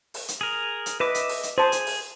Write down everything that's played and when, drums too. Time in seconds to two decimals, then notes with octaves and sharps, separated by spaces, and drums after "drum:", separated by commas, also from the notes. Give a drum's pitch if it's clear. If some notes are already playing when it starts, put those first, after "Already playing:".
0.14 drum: open hi-hat
0.28 drum: hi-hat
0.41 G#4 A#4
0.86 drum: hi-hat
1.00 B4 D#5 E5 D6
1.15 drum: hi-hat
1.29 drum: open hi-hat
1.43 drum: hi-hat
1.58 G#4 C5 A5
1.72 drum: hi-hat
1.86 drum: open hi-hat